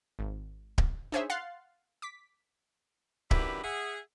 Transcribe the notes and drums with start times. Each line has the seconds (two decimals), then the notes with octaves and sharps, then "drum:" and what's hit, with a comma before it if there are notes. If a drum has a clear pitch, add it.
0.19 G#1
0.78 drum: kick D1
1.12 D4 D#4 G#4 C5 C#5 E5
1.30 F5 F#5 C6 F#6 A6 C7
2.02 D6 B6
3.31 F#2 D#3 D4 E4 G4 B4, drum: kick D1
3.64 G#4 E5 F#5